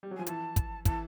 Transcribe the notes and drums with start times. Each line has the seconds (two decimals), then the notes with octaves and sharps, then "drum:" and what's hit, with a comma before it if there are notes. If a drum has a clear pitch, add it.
0.03 G3
0.11 F#3
0.16 F3 G#5
0.26 E3 A5, drum: hi-hat
0.56 drum: kick, hi-hat
0.85 E3 A5, drum: kick, hi-hat